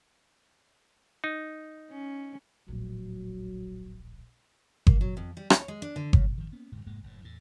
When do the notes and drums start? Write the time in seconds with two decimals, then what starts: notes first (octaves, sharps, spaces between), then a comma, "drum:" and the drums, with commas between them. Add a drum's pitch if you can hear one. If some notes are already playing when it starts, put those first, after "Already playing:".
1.24 D#4
1.90 C#4
2.68 D1 A#1 F#3
4.87 A#3, drum: kick G1
5.01 F#3
5.17 F2
5.37 G3
5.50 C#5, drum: rim click
5.68 G#3
5.82 D4
5.96 D3
6.13 C#3, drum: kick G1
6.38 D#3 F3
6.52 A#3 B3 C#4
6.72 D#1 G#2 C#3
6.86 F1 G#2 G#3 A#3
7.03 F#1 A2
7.21 E2 A2